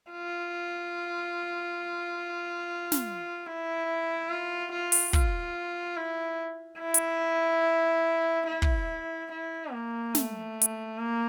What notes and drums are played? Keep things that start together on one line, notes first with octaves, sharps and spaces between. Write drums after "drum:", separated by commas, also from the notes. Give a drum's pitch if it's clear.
F4
drum: snare
E4
F4
F4
drum: open hi-hat
F4, drum: kick
E4
E4
drum: hi-hat
E4
drum: kick
E4
A#3
A3, drum: snare
drum: hi-hat
A#3